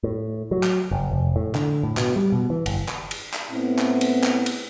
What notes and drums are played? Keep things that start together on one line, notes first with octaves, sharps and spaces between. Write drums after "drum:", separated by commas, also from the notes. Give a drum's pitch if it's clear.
A2
F#3
drum: clap
F#1
F1
A2
D3, drum: clap
A2
B2, drum: clap
G3
B2
E3
G1, drum: cymbal
drum: clap
drum: cymbal
drum: clap
A2 B3 C4 E4
drum: clap
drum: cymbal
drum: clap
drum: cymbal